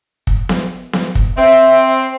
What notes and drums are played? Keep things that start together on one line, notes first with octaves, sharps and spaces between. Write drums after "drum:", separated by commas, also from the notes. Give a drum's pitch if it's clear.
drum: kick
drum: snare B3
drum: snare B3
drum: kick
C4 E5